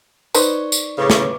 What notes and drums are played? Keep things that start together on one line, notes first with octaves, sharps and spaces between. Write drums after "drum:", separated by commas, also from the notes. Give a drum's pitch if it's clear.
D#4 B4 C5 D5 C#6, drum: tambourine
drum: tambourine
A2 C#3 B4 C#6 D6
drum: snare